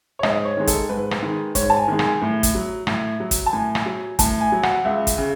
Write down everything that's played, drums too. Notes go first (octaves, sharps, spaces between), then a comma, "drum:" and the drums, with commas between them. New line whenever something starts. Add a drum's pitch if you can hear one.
C#5
G#2 D#5, drum: rim click
C#5
D#3 G#3
A4, drum: kick, hi-hat
G#2 B4
drum: rim click
D#3 G#3
G#2 C#5, drum: kick, hi-hat
A5
G#5
D#3 G#3
G#5, drum: rim click
A2
drum: kick, hi-hat
F#3
A2, drum: rim click
F#3
drum: kick, hi-hat
A5
A2 G#5
drum: rim click
F#3
A2 A5, drum: kick, hi-hat
G#5
F#3
F#5, drum: rim click
C#2 E5
drum: kick, hi-hat
C#3